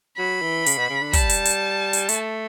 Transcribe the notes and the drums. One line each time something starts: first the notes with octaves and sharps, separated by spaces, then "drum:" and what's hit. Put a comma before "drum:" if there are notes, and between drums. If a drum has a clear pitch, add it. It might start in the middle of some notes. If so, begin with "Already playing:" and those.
F#3 B5
E3
C#3, drum: hi-hat
B2
C#3
D3
G3 A5, drum: kick, hi-hat
drum: hi-hat
drum: hi-hat
drum: hi-hat
A3, drum: hi-hat